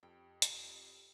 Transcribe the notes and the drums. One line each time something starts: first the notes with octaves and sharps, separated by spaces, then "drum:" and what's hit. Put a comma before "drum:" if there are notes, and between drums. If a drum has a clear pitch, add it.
F2 G4 G5
drum: hi-hat